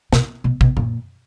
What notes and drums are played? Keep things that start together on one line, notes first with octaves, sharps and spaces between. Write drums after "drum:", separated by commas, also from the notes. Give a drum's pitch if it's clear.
B2, drum: snare
B2
B2, drum: kick
A#2, drum: tom F#2